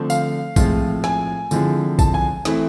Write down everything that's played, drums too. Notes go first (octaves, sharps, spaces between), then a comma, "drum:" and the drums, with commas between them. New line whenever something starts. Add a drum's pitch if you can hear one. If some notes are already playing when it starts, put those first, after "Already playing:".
Already playing: D3 F3 A3 C4
F5, drum: tambourine
A2 F3 G#3 C4 F4, drum: kick, tambourine
G#5, drum: snare
D3 F3 G#3 C4 E4, drum: tambourine
A5, drum: kick, tambourine
G#5
E3 A3 C4 E4, drum: snare